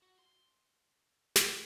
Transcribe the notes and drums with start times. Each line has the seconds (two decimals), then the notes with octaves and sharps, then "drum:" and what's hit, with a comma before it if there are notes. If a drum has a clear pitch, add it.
0.02 F#4
0.19 C6
1.36 drum: snare